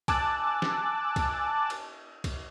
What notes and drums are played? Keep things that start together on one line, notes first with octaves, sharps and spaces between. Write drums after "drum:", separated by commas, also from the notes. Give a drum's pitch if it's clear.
G#5 A5 D6 E6 F#6 A6, drum: kick, cymbal
drum: snare
drum: kick, cymbal
drum: cymbal
drum: kick, cymbal